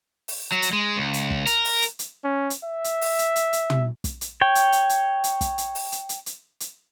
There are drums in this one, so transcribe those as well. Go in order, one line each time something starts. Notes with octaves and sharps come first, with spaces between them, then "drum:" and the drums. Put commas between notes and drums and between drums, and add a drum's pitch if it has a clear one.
drum: open hi-hat
F#3
drum: hi-hat
G#3
C#2
drum: hi-hat
drum: kick
A#4, drum: hi-hat
drum: open hi-hat
drum: hi-hat
drum: hi-hat
C#4
drum: hi-hat
E5
drum: hi-hat
drum: open hi-hat
drum: hi-hat
drum: hi-hat
drum: hi-hat
drum: tom
drum: kick, hi-hat
drum: hi-hat
C#5 G5
drum: hi-hat
drum: hi-hat
drum: hi-hat
drum: hi-hat
drum: kick, hi-hat
drum: hi-hat
drum: open hi-hat
drum: hi-hat
drum: hi-hat
drum: hi-hat
drum: hi-hat